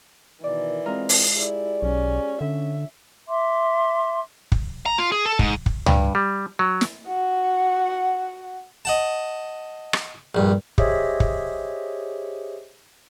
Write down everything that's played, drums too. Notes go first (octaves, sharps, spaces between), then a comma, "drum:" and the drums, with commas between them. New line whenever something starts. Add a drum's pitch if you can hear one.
B2 D#3 E3 A#4 D5
G#3 C4 F4 A#4
drum: open hi-hat
E4 G4 G#4 D5
B1 C#4
D3 C#4 E5
E5 C6 D6
drum: kick
A#5
F4
G#4
A4
G#2, drum: kick
drum: kick
G2, drum: tom C#2
G3
F#3
drum: snare
F#4 F#5
D#5 F#5 A5
drum: rim click
A#1 G2
G4 G#4 C5 C#5 D#5 E5, drum: kick
drum: kick